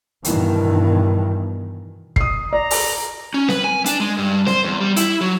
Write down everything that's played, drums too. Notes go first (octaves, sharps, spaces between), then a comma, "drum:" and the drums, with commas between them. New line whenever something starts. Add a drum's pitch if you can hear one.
G2 B2 D#3 E3, drum: hi-hat
D#6 C7, drum: kick
D5 A#5
drum: open hi-hat
C#4
B4, drum: snare C4
G#5
D4, drum: hi-hat
G#3
G2
C5, drum: snare C4
E2
G3
E4, drum: hi-hat
F#3